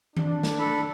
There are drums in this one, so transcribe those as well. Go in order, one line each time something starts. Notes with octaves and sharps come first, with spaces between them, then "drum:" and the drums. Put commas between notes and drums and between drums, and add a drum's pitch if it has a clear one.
D4, drum: tom D#3
drum: snare
A4 B5